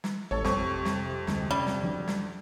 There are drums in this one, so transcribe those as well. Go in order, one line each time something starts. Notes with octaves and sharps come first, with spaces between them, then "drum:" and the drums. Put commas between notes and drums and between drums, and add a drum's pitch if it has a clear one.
drum: snare
A1 A4 C#5
F2 C3 C#6, drum: snare
drum: snare
D2 G#3, drum: snare
G3 C#4
drum: snare
E3 F#3 D4
drum: snare